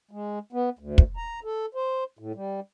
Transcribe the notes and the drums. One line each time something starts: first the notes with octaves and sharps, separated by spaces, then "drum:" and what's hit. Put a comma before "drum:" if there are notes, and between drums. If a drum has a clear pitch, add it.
G#3
B3
D2
drum: kick
A#5
A4
C5
A2
G3